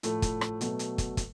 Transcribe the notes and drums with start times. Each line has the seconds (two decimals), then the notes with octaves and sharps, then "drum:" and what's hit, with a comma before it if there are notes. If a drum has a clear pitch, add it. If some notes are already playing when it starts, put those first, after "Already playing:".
0.03 A2 F3 A3, drum: hi-hat
0.22 drum: kick, hi-hat
0.41 drum: rim click
0.61 B2 F#3 A3, drum: hi-hat
0.79 drum: hi-hat
0.98 drum: kick, hi-hat
1.17 drum: kick, hi-hat